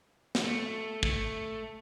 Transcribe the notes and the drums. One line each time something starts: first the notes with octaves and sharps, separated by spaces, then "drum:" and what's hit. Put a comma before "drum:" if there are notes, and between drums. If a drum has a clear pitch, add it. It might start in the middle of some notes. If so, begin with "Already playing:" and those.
drum: snare
A3
A3, drum: kick